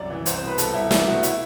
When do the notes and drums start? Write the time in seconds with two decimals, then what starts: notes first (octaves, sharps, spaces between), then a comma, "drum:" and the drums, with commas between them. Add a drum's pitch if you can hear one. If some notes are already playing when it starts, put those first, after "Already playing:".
Already playing: C2 F#2 D5
0.10 E3
0.26 C2 C5, drum: hi-hat
0.38 C5
0.43 B2 B4
0.58 C2 A4, drum: hi-hat
0.74 C2 E4
0.91 B2 E4, drum: snare
1.07 A3 F#4
1.23 E4, drum: hi-hat